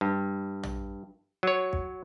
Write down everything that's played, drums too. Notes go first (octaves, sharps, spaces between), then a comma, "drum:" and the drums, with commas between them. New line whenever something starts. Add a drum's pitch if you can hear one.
G2
drum: tom A#1
F#3 C#5
drum: kick